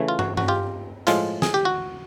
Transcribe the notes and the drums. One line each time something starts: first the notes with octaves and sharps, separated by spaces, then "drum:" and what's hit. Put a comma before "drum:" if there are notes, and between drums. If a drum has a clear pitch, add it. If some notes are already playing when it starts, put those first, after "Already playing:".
Already playing: C#3 E3 A3
F4
F#4, drum: tom
F#4, drum: tom G2
F4 G4
A2 F3 G#3 F4, drum: hi-hat
G#4, drum: snare
G4
F#4